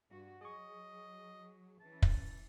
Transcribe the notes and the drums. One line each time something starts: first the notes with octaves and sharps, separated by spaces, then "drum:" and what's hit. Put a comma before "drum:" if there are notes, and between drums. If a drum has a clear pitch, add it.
G2 F#4
F#3 G#4 D#5 C#6
E3 C#4 A5
drum: kick